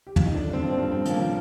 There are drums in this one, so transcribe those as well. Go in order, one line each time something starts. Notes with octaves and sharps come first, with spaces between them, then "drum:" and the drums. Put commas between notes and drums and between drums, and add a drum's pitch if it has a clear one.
G4
F4, drum: tom
D#4
D3 D4
G2 C4
F3 D4
C4
G2
G2 C4
F3 A#3, drum: hi-hat
F3